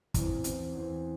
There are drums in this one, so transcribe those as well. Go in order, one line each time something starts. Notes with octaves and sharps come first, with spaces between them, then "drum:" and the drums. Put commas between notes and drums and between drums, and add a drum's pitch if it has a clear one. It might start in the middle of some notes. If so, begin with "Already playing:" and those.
E2 E3 C4, drum: kick, hi-hat
E2 E3 C4, drum: hi-hat
E2 E3 C4